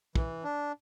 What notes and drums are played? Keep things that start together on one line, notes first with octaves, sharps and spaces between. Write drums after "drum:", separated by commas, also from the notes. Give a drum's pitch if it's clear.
E3, drum: kick
D4